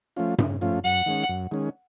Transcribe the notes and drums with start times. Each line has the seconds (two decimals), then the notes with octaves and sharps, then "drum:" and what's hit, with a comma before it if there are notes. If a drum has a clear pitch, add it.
0.17 F3 A3 C#4 F4
0.38 C#3, drum: tom G2
0.61 F3 A3 C#4 F4
0.84 F#2 F#5
1.06 D#3 G#3 C#4
1.29 F#2
1.51 D#3 G#3 C#4